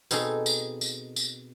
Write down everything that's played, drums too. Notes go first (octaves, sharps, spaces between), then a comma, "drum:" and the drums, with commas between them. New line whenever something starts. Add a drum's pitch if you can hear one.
B2 C4 D#4 G#4 A4, drum: tambourine
drum: tambourine
drum: tambourine
drum: tambourine